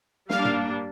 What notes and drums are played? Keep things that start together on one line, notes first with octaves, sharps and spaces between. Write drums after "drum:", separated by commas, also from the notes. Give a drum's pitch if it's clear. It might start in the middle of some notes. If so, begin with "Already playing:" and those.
G3 A#3 D4 F5, drum: snare
drum: tom